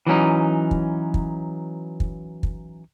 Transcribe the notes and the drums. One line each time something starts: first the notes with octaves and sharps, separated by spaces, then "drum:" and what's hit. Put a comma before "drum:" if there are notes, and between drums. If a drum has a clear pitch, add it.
E3 F#3 C#4 D#4
drum: kick
drum: kick
drum: kick
drum: kick